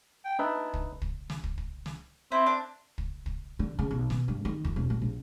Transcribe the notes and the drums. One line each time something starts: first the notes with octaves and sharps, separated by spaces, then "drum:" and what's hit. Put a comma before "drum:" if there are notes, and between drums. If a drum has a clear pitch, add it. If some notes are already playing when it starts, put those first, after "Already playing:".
G5
D4 D#4 B4 E5
drum: kick
drum: kick
drum: snare
drum: kick
drum: kick
drum: snare
C4 E4
D4
drum: kick
drum: kick
D3
C#3
B1
B2, drum: snare
G2
D#3
F2, drum: kick
E1
A#2
A#1